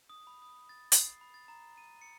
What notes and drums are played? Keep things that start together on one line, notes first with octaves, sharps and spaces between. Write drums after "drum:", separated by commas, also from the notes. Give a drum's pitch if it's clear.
D#6
B5
D#6
A6
C7, drum: hi-hat
B5
A6
A#5
D#7
C#7